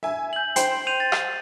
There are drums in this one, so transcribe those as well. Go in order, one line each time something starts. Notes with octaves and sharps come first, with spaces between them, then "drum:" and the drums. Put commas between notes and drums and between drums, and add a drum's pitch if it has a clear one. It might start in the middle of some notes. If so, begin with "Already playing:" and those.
E5 G#5
G6 F#7
C5 G5 C7, drum: hi-hat
G6 D#7 F7
A6
drum: rim click